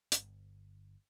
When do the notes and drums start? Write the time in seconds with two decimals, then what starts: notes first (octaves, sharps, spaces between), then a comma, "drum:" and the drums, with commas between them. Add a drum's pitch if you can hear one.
0.12 G1, drum: hi-hat